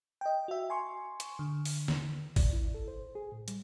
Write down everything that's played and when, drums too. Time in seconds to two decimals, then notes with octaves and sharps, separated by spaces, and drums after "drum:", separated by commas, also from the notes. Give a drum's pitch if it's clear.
0.21 D#5 G5
0.48 F#4 E5
0.70 G#5 C6 C#6
1.20 drum: hi-hat
1.39 D3
1.65 drum: open hi-hat
1.88 drum: snare
2.36 D5, drum: kick, open hi-hat
2.53 E4
2.74 A4
2.88 C5
3.15 G#4
3.32 A2
3.48 G3, drum: hi-hat